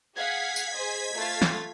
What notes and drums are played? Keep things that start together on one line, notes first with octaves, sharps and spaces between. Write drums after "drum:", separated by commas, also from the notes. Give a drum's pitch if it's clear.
G#4 F5 F#5 G#6 B6
drum: tambourine
G#4 C5 D#5
A3 F4 A6
drum: snare